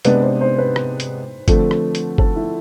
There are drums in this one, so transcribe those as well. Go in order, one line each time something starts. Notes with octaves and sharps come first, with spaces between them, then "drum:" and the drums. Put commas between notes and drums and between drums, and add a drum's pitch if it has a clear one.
C3 G#3 B3 D4 B4, drum: hi-hat
C5
C5
B4
drum: rim click
drum: hi-hat
D3 F3 A3 C4, drum: kick, hi-hat
drum: rim click
drum: hi-hat
A4, drum: kick
E4